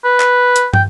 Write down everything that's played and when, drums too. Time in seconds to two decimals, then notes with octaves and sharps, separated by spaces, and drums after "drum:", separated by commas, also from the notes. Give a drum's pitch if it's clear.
0.04 B4
0.20 drum: clap
0.56 drum: hi-hat
0.74 G5, drum: tom